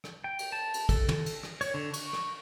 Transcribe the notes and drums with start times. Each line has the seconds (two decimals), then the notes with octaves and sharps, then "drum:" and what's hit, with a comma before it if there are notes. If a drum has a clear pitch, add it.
0.04 drum: rim click
0.24 G5
0.39 drum: cymbal
0.52 A5
0.74 drum: cymbal
0.89 A4, drum: kick, cymbal
1.09 drum: tom
1.26 drum: cymbal
1.43 drum: rim click
1.61 C#5, drum: cymbal
1.74 D3
1.94 C#6, drum: cymbal
2.13 drum: rim click